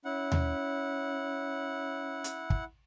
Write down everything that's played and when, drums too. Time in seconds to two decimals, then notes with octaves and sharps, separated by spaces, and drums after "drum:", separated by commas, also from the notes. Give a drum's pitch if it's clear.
0.05 C#4 E4 F#5
0.32 drum: tom D#2
2.24 drum: hi-hat
2.50 drum: kick